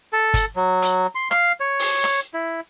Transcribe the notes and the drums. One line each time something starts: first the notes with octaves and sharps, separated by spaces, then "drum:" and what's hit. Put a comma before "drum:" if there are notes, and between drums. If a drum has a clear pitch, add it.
A4
drum: kick G1, hi-hat
F#3
drum: hi-hat
C6
F5, drum: rim click
C#5
drum: open hi-hat
drum: rim click
E4